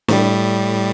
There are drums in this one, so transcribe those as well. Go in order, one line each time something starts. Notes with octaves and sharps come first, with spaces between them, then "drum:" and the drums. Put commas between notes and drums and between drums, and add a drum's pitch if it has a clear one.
A2 G3, drum: snare